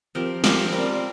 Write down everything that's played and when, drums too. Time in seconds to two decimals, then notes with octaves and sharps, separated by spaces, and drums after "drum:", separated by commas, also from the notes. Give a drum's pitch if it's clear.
0.15 F3 C4 G4 A#4
0.44 F3 C4 G4 A#4, drum: snare
0.72 G3 C4 G4 A#4